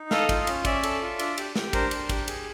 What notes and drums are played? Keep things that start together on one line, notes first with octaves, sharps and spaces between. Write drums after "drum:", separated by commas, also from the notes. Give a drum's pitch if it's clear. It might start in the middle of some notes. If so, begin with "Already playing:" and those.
Already playing: D#4
A4 D#5 F5, drum: snare
F4, drum: kick, cymbal
C#4, drum: cymbal
C#4 D5 E5, drum: kick, cymbal
A4, drum: cymbal
F4
D4, drum: cymbal
G4, drum: cymbal
G4, drum: snare
D4 A#4 C5, drum: kick, cymbal
D4, drum: cymbal
G4, drum: kick, cymbal
G#4, drum: cymbal